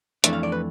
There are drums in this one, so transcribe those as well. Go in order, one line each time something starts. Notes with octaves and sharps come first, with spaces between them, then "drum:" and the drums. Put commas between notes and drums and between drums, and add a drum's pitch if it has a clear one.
F2 E3 A3 D4 E5, drum: hi-hat
F5
D5
B4